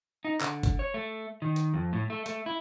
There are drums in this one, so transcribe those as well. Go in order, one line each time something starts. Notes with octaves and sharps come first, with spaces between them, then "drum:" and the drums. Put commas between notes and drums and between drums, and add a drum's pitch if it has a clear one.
D#4
D3, drum: clap
drum: kick G1, hi-hat
C#5
A3
D#3
drum: hi-hat
F2
A2
A3
A3, drum: hi-hat
E4